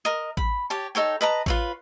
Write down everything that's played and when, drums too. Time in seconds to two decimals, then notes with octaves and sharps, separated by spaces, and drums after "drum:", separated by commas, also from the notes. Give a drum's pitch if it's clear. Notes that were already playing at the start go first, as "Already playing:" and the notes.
0.05 A#4 D#5
0.37 B5, drum: kick A1
0.70 G4 C#5 A5
0.95 D#4 A4 C#5 G5
1.21 B4 D#5 A5 A#5
1.46 F4 B4 C#5, drum: kick A1